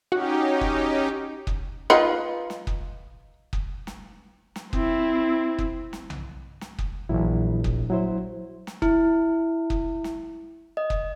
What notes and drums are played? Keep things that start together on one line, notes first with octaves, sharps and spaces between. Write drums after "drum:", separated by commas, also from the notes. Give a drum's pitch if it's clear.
C#4 D#4 F#4 G4 F#5
drum: kick
drum: kick
D#4 F4 B4
drum: snare
drum: kick
drum: kick
drum: snare
drum: snare
C4 E4, drum: kick
drum: kick
drum: snare
drum: tom B1
drum: snare
drum: kick
A#1 E3 F#3 E4
drum: kick
F#3 E4 C5
drum: snare
E4, drum: kick
drum: kick
drum: snare
D#5
drum: kick